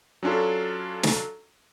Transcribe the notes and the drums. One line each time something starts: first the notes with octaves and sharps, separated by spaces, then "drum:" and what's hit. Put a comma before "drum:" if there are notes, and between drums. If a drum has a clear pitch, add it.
F#3 C#4 D4 F4 A4
drum: snare